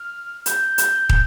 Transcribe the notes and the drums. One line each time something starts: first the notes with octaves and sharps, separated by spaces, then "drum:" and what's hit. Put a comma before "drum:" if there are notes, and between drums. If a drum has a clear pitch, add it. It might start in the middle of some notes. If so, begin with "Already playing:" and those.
Already playing: F6
G6, drum: hi-hat
drum: hi-hat
drum: kick